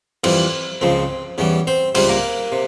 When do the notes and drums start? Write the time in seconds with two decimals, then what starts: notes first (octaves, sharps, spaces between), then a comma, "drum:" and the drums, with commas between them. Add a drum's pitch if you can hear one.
0.24 F2 E3 G3 C4, drum: cymbal
0.81 C#2 C#3 F3 C4
1.38 E2 E3 G3 C#4
1.67 C4 C5
1.95 C#2 C3 G3 C4 C5, drum: cymbal
2.09 A#3 A#4
2.52 C3